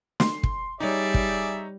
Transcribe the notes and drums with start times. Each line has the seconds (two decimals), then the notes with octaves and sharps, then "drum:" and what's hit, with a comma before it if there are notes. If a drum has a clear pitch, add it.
0.20 C6, drum: snare
0.43 drum: kick
0.80 G3 D#4 G#4 C#5 D5 E5
1.14 drum: kick